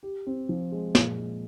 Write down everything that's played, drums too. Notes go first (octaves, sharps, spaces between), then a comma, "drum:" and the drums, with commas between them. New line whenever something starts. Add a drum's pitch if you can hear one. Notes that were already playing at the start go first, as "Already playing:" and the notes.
G4
C4
F3
G#3
A#2, drum: snare
G#3